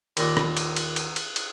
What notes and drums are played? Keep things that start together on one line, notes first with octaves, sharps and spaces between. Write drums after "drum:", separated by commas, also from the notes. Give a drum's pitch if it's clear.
D#2 A#2, drum: cymbal
drum: rim click
drum: cymbal
drum: cymbal
drum: cymbal
drum: cymbal
drum: cymbal